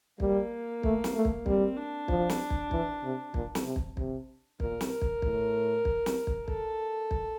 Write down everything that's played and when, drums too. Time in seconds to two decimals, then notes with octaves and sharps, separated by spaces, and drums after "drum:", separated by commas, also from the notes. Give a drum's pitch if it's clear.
0.20 G3 A#3, drum: kick
0.83 A3, drum: kick
1.04 drum: snare
1.15 A3
1.25 drum: kick
1.46 G3 C4, drum: kick
1.77 D4
2.08 F3, drum: kick
2.29 drum: snare
2.50 drum: kick
2.71 E3, drum: kick
3.03 C3
3.34 A#2, drum: kick
3.55 drum: snare
3.65 C3
3.76 drum: kick
3.97 C3, drum: kick
4.60 A#2 A#4, drum: kick
4.81 drum: snare
4.91 A#4
5.01 drum: kick
5.22 A2, drum: kick
5.85 drum: kick
6.06 drum: snare
6.27 drum: kick
6.48 A4, drum: kick
7.11 drum: kick